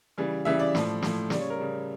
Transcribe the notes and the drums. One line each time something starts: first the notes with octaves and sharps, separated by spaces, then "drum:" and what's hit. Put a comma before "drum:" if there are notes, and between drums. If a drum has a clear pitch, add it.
C#3 E3 G3
C#3 E3 G3 E5
D5
A2 F3, drum: snare
A2 F3, drum: snare
C#3 G3 D5, drum: snare
C#5
A#4
C#3 G3